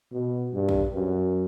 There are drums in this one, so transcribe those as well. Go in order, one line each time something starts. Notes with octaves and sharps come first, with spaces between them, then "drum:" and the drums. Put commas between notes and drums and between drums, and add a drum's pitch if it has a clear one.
B2
G2
drum: kick A#1
F#2